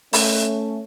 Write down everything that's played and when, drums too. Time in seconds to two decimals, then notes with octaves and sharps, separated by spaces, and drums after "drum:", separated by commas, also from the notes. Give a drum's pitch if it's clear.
0.13 A3 C#4, drum: open hi-hat